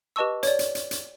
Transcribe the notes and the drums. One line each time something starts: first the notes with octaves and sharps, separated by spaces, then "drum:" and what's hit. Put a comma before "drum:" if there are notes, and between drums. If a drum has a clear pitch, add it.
G4 B4 D#5 A5 C#6 E6
C#5 D5, drum: hi-hat
drum: hi-hat
drum: hi-hat
drum: hi-hat